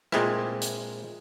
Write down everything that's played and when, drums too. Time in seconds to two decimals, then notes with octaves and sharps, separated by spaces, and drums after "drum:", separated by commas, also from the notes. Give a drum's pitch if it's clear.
0.12 A#2 G#3 C4 E4, drum: rim click
0.62 drum: hi-hat